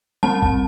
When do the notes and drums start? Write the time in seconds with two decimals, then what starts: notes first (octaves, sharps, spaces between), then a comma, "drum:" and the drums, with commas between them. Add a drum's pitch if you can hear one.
0.23 G3 C4 A5
0.42 drum: kick